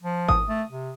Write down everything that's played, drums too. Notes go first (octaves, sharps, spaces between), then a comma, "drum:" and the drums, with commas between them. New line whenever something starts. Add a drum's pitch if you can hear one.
F3
D#6, drum: kick G#1
A3
C3